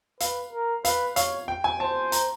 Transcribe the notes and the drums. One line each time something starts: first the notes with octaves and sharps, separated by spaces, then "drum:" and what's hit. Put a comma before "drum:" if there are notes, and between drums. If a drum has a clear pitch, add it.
B4 F5, drum: hi-hat
A#4
B4 F5, drum: hi-hat
C#5 F5, drum: hi-hat
G5
G#5
C5 A5
A#5, drum: hi-hat